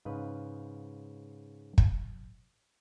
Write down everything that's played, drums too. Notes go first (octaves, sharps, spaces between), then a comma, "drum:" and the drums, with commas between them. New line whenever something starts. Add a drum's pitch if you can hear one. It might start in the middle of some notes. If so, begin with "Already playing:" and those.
G#2 C#3 B4 D#5 F5
drum: kick